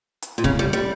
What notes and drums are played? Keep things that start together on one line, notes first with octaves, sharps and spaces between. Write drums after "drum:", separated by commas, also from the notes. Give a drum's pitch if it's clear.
drum: hi-hat
A#2
C#3, drum: kick
G3
G3